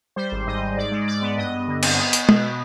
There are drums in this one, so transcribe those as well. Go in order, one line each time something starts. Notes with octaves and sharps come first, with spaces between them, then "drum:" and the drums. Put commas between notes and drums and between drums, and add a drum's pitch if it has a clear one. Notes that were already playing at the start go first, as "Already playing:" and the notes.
G3 C5
G#1
G#2 D#5
G#1
G#2 D5
G#3
G#2 D5
B3
G2 D#5
G2
D3
C4, drum: cymbal
B3
B3, drum: hi-hat
B2, drum: tom G#3
B3